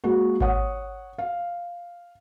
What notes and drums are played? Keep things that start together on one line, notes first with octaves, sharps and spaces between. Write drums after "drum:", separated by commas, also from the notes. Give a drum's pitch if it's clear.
G#3 A#3 F#4
C#5 F#5 D#6, drum: kick G#1
F5